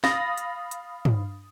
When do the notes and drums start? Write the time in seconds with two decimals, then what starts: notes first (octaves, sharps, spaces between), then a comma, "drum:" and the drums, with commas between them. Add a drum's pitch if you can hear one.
0.04 F5 B5 D#6 A6 A#6, drum: snare
0.38 drum: hi-hat
0.71 drum: hi-hat
1.05 drum: tom